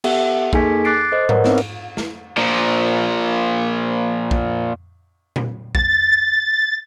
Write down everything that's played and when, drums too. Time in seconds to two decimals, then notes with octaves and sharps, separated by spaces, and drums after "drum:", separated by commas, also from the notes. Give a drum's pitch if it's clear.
0.04 B3 G4 A4 E5 F#5, drum: cymbal
0.53 A#3 D#4 G#4 A4 G#5 B6, drum: kick A#1
0.85 D6 F#6 A6 C7 D7
1.12 A4 C5 D#5
1.29 A#4 B4 C#5 F#5, drum: tom G#2
1.44 B3 C4 D#4, drum: snare
1.58 drum: cymbal
1.97 drum: snare
2.38 A#2 F3
4.31 drum: kick A#1
5.36 drum: tom A#2
5.75 A6, drum: kick A#1